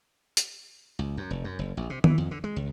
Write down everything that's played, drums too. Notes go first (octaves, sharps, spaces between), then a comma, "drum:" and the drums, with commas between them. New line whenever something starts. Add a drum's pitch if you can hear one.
drum: hi-hat
C#2
F#2
F1
F#2
F#1
A#1
C3
E3, drum: tom D#3
F2
D3
G#3
C#2